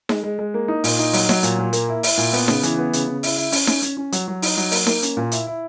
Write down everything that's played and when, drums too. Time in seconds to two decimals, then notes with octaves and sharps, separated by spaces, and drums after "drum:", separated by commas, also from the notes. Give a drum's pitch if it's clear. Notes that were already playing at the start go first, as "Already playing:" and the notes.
0.09 G#3, drum: snare D#4
0.23 G#3
0.39 G#3
0.54 A#3
0.68 D#4
0.84 A#2, drum: open hi-hat
0.99 D#4
1.13 F#3, drum: open hi-hat
1.29 F#3, drum: snare D#4
1.43 A#2, drum: hi-hat
1.58 A#2
1.73 A#3, drum: hi-hat
1.89 E4
2.03 E4, drum: open hi-hat
2.18 A#2
2.33 B3, drum: open hi-hat
2.48 C#3, drum: snare D#4
2.63 E3, drum: hi-hat
2.78 B3
2.93 C#3, drum: hi-hat
3.07 C#3
3.23 E4, drum: open hi-hat
3.37 E4
3.52 C#4, drum: open hi-hat
3.67 C#4, drum: snare D#4
3.82 C#4, drum: hi-hat
3.97 C#4
4.12 F#3, drum: hi-hat
4.28 F#3
4.42 D#4, drum: open hi-hat
4.57 F#3
4.71 A#3, drum: open hi-hat
4.87 A#3, drum: snare D#4
5.02 C#4, drum: hi-hat
5.17 A#2
5.32 E4, drum: hi-hat
5.47 E4